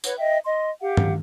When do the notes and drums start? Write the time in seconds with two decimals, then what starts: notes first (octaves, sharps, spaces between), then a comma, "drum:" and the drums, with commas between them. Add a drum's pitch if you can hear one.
0.04 B4 C#5 F#5, drum: tambourine
0.18 D#5 E5 G5
0.45 D#5 C6
0.81 G4 F5 F#5
0.97 drum: tom G2